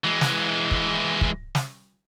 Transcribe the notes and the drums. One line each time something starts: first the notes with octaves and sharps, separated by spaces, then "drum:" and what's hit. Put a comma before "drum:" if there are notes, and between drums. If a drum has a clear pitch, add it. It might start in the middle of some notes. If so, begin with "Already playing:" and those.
E3 G#3
drum: snare
drum: kick
drum: kick
drum: snare